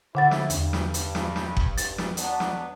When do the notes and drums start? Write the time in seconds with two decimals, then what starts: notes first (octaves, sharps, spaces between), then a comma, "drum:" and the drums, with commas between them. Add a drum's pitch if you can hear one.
0.15 D3 A3 E4 F#5 A6
0.31 drum: snare
0.50 E2 G2, drum: hi-hat
0.73 drum: snare
0.94 drum: hi-hat
1.15 drum: snare
1.36 drum: snare
1.57 drum: kick F#1
1.77 A6, drum: hi-hat
1.98 drum: snare
2.17 F#3 B3 D4, drum: hi-hat
2.40 drum: snare